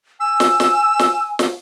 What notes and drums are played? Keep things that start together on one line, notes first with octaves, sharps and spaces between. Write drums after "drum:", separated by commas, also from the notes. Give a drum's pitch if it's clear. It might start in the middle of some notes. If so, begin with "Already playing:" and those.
G#5 E6
drum: snare
drum: snare
drum: snare
drum: snare